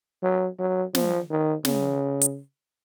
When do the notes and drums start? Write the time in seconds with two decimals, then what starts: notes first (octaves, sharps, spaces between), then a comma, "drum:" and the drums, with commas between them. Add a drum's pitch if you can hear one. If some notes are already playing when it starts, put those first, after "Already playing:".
0.23 F#3
0.59 F#3
0.95 F3, drum: snare
1.30 D#3
1.65 C#3, drum: snare
2.21 drum: hi-hat